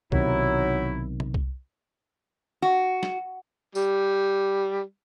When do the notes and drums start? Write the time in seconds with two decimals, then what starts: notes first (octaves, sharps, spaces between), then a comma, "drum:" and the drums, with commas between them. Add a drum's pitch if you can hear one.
0.12 B1 C3 D#3 F#3 D#4 E4, drum: kick C2
1.20 drum: tom
1.34 drum: kick C2
2.62 F#4
3.03 drum: snare
3.75 G3, drum: tambourine